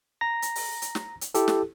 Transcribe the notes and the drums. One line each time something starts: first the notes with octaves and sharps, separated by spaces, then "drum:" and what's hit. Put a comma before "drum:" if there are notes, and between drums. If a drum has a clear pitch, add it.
A#5 A#6
drum: hi-hat
drum: open hi-hat
drum: hi-hat
drum: snare
drum: hi-hat
E4 G4 A4, drum: hi-hat
drum: snare